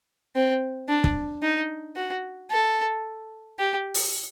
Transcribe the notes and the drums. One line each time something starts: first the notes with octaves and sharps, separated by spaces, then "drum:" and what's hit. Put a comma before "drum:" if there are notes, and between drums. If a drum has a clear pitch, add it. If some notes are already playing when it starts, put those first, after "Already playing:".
C4
D4
drum: kick
D#4
F#4
A4
G4
drum: open hi-hat